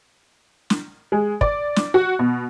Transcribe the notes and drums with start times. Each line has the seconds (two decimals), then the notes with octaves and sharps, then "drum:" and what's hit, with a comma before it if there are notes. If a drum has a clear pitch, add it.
0.70 drum: snare
1.12 G#3
1.41 D5, drum: kick
1.76 drum: snare
1.94 F#4
2.19 B2